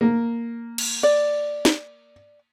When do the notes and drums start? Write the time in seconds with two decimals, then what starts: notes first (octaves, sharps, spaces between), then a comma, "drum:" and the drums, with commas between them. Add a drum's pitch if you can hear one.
0.01 A#3
0.78 drum: cymbal
1.03 D5
1.65 drum: snare